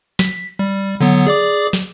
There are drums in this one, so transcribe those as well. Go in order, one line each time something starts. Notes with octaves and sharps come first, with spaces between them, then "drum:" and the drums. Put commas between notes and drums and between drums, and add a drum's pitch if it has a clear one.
B6, drum: snare
G3
D3 F#3 B3
G#4 D5 D6
drum: snare